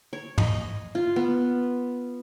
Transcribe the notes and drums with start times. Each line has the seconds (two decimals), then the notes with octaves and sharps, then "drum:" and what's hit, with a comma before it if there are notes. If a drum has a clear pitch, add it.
0.13 C#5
0.38 D#5, drum: tom
0.95 F4
1.16 B3